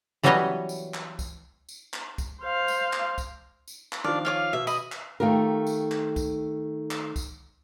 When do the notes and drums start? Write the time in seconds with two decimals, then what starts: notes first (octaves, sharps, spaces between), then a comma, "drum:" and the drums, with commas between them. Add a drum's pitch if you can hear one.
0.23 E3 F#3 G3 B3 C#5 D#5
0.69 drum: tambourine
0.94 drum: clap
1.19 drum: kick, tambourine
1.69 drum: tambourine
1.93 drum: clap
2.18 drum: kick, tambourine
2.41 C5 F5
2.68 drum: tambourine
2.93 drum: clap
3.18 drum: kick, tambourine
3.68 drum: tambourine
3.92 drum: clap
4.04 D#3 F3 D4 F5
4.25 F4 C#5 F5 D6
4.53 B2 E5
4.67 D#5 B5, drum: tambourine
4.92 drum: clap
5.20 D#3 A3 F4 G4 A#4
5.67 drum: tambourine
5.91 drum: clap
6.16 drum: kick, tambourine
6.91 drum: clap
7.16 drum: kick, tambourine